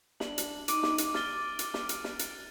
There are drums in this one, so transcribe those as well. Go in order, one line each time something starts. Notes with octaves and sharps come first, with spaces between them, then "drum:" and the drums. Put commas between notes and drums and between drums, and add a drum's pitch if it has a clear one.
D4 F#7, drum: snare
drum: hi-hat
D#4 D6 D#7, drum: hi-hat
drum: snare
drum: hi-hat
F6 A6 D7 G7, drum: snare
drum: hi-hat
drum: snare
drum: hi-hat
drum: snare
drum: hi-hat